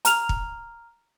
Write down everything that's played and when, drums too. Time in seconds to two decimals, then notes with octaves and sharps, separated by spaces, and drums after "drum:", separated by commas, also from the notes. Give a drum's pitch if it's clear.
0.05 A#5 F6 F7, drum: hi-hat
0.29 drum: kick